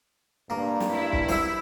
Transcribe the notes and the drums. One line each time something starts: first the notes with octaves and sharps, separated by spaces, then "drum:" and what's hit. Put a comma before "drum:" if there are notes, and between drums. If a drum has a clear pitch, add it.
G2 A#3
drum: snare
E4
drum: kick
C5 E5, drum: snare